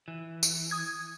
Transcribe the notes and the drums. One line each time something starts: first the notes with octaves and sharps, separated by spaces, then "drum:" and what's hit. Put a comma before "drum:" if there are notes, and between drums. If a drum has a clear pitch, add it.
E3
drum: tambourine
D#6 G#6